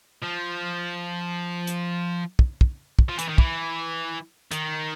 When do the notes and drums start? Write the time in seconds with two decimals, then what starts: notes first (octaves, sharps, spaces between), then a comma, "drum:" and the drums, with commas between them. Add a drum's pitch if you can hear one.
0.23 F3
1.67 drum: hi-hat
2.39 drum: kick
2.61 drum: kick
2.99 drum: kick
3.09 F3
3.19 E3, drum: hi-hat
3.28 D#3
3.38 E3, drum: kick
4.51 D#3, drum: hi-hat